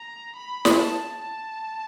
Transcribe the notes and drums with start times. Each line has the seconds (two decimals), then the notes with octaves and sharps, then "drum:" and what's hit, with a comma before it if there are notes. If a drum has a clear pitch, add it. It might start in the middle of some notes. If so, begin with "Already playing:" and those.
Already playing: A#5
0.36 B5
0.65 drum: snare
0.79 A5
1.22 A5